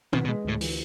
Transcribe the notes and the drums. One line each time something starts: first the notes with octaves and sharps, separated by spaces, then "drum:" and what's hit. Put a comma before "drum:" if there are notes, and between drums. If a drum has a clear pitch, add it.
B2 B3, drum: tom
B2
G#3
D2 A2
E3, drum: open hi-hat